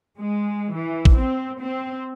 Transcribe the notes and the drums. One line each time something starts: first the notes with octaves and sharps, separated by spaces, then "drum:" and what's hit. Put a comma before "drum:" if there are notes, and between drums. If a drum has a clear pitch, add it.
G#3
E3
drum: kick
C4
C4